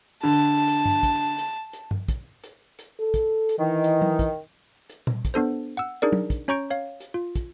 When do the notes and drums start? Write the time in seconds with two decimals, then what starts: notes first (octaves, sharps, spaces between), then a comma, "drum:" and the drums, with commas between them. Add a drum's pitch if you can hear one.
0.23 D3 A5
0.33 drum: hi-hat
0.68 drum: hi-hat
0.85 drum: tom G2
1.03 drum: kick, hi-hat
1.38 drum: hi-hat
1.73 drum: hi-hat
1.91 drum: tom G2
2.08 drum: kick, hi-hat
2.44 drum: hi-hat
2.79 drum: hi-hat
3.00 A4
3.14 drum: kick, hi-hat
3.49 drum: hi-hat
3.59 D#3 E3
3.84 drum: hi-hat
4.02 drum: tom
4.19 drum: kick, hi-hat
4.90 drum: hi-hat
5.07 drum: tom A#2
5.25 drum: kick, hi-hat
5.34 B3 D4 A4 C5
5.77 F#5 E6
6.02 D4 D#4 G#4 A#4 D5
6.13 drum: tom
6.30 drum: kick, hi-hat
6.48 C#4 C#5 A#5 C#6 G6 D7
6.70 C#5 F5
7.00 drum: hi-hat
7.14 F4
7.35 drum: kick, hi-hat